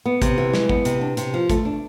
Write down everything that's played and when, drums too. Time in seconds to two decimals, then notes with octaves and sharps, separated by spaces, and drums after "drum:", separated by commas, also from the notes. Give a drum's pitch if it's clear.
0.06 B3
0.22 C3, drum: kick, hi-hat
0.38 E3
0.54 G#3, drum: snare
0.69 B3, drum: kick
0.85 C3, drum: hi-hat
1.01 D4
1.17 C3, drum: hi-hat
1.34 F3
1.50 A3, drum: kick, hi-hat
1.65 D4